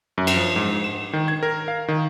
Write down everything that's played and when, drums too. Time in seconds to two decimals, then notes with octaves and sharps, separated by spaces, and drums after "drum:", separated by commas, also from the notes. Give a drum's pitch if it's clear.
0.18 F#2
0.27 drum: cymbal
0.36 F3
0.56 G#2
0.84 E7
1.13 D#3
1.28 G#6
1.43 A#4
1.68 F5
1.88 D#3